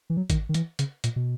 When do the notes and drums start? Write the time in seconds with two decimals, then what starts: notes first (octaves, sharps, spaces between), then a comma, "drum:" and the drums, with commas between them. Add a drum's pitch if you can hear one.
0.10 E3
0.17 F#3
0.30 D#3, drum: kick G#1, hi-hat
0.49 D#3
0.54 E3, drum: hi-hat
0.79 C#3, drum: hi-hat
1.04 A#2, drum: hi-hat
1.16 B2